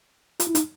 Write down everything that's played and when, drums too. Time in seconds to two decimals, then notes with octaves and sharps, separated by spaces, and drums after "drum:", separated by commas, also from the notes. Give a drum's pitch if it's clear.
0.40 F4, drum: hi-hat
0.47 E4
0.55 D#4, drum: hi-hat